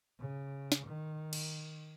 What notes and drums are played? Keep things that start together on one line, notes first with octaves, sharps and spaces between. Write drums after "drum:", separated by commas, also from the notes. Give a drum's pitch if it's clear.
C#3
drum: snare
D#3
drum: cymbal